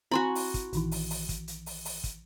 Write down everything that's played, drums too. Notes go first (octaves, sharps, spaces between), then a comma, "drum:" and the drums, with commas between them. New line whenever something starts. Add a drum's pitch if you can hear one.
C4 E4 F#4 G#5 B5 C6
drum: open hi-hat
drum: kick, hi-hat
A#1 D#3 E3, drum: hi-hat
drum: open hi-hat
drum: open hi-hat
drum: kick, hi-hat
drum: hi-hat
drum: open hi-hat
drum: open hi-hat
drum: kick, hi-hat